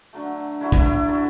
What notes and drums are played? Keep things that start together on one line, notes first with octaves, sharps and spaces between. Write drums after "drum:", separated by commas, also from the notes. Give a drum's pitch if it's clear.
D3 F#3 A3
D3 F#3 A3 E4
E4, drum: kick
E4
D3 F#3 A3 A4